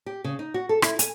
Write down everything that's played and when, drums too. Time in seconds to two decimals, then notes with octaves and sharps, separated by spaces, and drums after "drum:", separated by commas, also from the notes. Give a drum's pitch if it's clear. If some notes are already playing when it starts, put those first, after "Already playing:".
0.06 G4
0.24 C#3
0.39 D#4
0.54 F#4
0.69 A4
0.82 E4, drum: rim click
0.99 G#5, drum: hi-hat